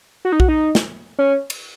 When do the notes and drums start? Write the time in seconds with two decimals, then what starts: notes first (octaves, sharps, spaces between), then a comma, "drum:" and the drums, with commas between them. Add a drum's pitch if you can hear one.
0.25 F#4
0.32 D#4
0.40 F#4, drum: kick B1
0.48 D#4
0.75 drum: snare
1.19 C#4
1.50 drum: cymbal